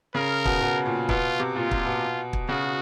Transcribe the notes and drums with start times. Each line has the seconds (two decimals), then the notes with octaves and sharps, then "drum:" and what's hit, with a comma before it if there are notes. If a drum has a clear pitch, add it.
0.15 C#3 A#4
0.45 B2, drum: kick
0.61 B2
0.86 A#2
1.09 B2 F4, drum: kick
1.40 C3
1.55 A#2 F4
1.71 A#2, drum: kick
1.86 B2
2.33 drum: kick
2.49 C#3 F#4